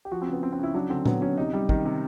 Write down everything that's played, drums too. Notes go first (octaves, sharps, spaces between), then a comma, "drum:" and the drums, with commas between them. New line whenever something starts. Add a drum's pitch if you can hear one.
G4
F3 F#4
C4
C#3
B3
C#3 C4
C4
C#3 E4
F#3 D4
D3 C4
F#3 B3, drum: tom
F#3 C#4
C3 D#4
G3
D#3, drum: kick
C3